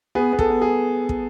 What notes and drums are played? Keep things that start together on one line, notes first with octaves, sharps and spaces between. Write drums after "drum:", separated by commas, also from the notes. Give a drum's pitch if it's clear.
B3 G#4
B3
A4, drum: kick
B3
G#4
drum: kick